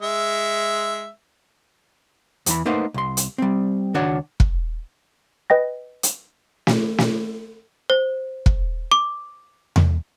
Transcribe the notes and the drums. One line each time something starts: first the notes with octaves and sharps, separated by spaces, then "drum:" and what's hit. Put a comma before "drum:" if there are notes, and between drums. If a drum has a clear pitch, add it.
G#3 E5
E2 E3 B5, drum: hi-hat
A3 A#3 D#4 B4 C5 F#5
C2 C6
drum: hi-hat
G3 C4
C#2 D#3 D4 F#4 C#5 F#5
drum: kick
B4 D#5 G5 A#6
drum: hi-hat
drum: snare
drum: snare
C5
drum: kick
D6
drum: tom E2